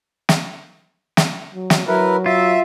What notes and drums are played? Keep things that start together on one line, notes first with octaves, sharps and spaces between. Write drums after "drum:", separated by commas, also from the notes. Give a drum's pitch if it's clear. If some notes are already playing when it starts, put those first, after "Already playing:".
drum: snare
drum: snare
F#3
drum: snare
F#3 E4 A#4 B4
F4 E5